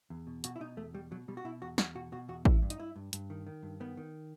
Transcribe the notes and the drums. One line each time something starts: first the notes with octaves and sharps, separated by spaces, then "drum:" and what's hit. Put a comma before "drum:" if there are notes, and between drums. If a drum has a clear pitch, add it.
E2
B2
B2 F#4, drum: hi-hat
E4
B2 D#4
E2 A3
B2 G3
B2 F#3
B2 G3
F#4
B2 E4
E2 F#4
E2 F#4, drum: snare
B2 F#4
B2 F#4
E2 F#4
G2 E4, drum: kick A1
G2
D#4, drum: hi-hat
G2 E4
G2
G2, drum: hi-hat
D#3
D#3
G2
D#3 B3
D#3